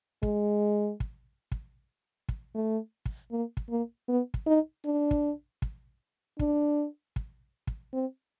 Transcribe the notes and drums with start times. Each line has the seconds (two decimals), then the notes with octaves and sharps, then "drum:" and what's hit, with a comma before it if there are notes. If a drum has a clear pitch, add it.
0.23 G#3, drum: kick
1.00 drum: kick
1.52 drum: kick
2.29 drum: kick
2.54 A3
3.06 drum: kick
3.31 A#3
3.57 drum: kick
3.70 A#3
4.08 B3
4.34 drum: kick
4.47 D#4
4.85 D4
5.11 drum: kick
5.62 drum: kick
6.39 D4, drum: kick
7.16 drum: kick
7.67 drum: kick
7.93 C4